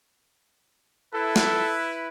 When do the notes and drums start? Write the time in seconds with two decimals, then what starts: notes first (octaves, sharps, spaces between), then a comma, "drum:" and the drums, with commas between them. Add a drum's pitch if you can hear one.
1.14 E4 A4 B4
1.36 drum: snare